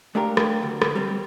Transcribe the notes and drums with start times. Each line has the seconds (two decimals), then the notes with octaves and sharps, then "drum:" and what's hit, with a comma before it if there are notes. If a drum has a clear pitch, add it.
0.15 A3 D4 F4 G4 A#4
0.37 drum: rim click
0.63 D2
0.82 drum: rim click
0.95 G3 C4